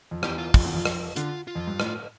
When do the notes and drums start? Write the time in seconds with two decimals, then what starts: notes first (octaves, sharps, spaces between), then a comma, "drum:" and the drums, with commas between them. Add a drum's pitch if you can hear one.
0.11 F2
0.23 E2 G4, drum: rim click
0.38 F4
0.54 F2, drum: kick, open hi-hat
0.64 E2
0.75 F2
0.85 drum: rim click
1.16 D3 F4, drum: hi-hat
1.47 F4
1.55 F2
1.67 G2
1.80 A2, drum: rim click